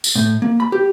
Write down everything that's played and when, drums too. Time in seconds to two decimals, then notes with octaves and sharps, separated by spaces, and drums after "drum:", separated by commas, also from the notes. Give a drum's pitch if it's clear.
0.04 drum: tambourine
0.15 A2
0.42 A#3
0.60 B5
0.72 G4